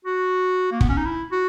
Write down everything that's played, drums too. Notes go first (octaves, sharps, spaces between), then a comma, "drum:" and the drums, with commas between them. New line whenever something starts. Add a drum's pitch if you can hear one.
F#4
A#3
B3, drum: kick
C#4
D#4
E4
F#4